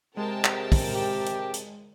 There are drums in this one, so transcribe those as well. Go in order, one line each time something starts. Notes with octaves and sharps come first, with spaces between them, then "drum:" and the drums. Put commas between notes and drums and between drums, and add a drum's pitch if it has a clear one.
C3 G#3 A#4 G5 A5
drum: clap
drum: kick, open hi-hat
G4
drum: hi-hat
drum: hi-hat